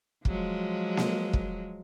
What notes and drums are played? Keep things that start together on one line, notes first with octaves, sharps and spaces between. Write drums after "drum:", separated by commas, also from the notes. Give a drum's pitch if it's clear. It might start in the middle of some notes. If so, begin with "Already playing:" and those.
F3 F#3 G#3, drum: kick
drum: snare A#3
drum: kick